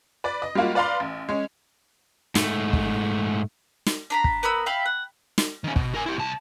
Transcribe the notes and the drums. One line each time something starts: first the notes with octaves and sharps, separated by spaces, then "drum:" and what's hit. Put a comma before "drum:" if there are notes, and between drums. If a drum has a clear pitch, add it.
B4 D5
D#5
G3 G#3 A#3 F4 F#4
B4 D5 F5 A#5 C6
A1
G#3 C#4
G#2 A3, drum: snare
drum: kick
drum: snare
D4 A#5 B5
drum: kick
B3 A#4 B5 E6
E5 F5 G5 B5
F#5
drum: snare
D#3 C#4
B2, drum: kick
A#4 G#5
E4 G4
C2 A5